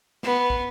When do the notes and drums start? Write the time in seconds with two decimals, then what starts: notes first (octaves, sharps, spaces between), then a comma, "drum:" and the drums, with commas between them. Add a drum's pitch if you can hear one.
0.23 B3, drum: snare
0.50 drum: kick